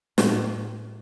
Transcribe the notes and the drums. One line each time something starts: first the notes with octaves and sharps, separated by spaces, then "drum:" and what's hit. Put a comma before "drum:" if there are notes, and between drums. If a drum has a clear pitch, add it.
A2, drum: snare